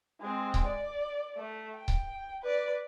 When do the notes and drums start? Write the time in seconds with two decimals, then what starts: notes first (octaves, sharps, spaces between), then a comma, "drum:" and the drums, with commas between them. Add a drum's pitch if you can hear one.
0.20 G#3 C4
0.54 drum: kick C#1
0.66 D5
1.37 A3
1.75 G5
1.88 drum: kick C#1
2.43 B4 D5